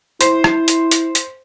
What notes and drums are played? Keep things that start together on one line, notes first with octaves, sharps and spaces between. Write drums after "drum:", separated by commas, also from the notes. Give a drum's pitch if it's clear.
E4 C5, drum: hi-hat
drum: rim click
drum: hi-hat
drum: hi-hat
drum: hi-hat